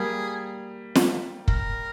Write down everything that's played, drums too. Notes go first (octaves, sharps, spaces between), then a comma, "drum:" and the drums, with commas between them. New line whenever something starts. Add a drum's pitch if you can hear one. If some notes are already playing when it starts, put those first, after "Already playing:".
Already playing: G3 A#3 G#4
drum: snare
A#4, drum: kick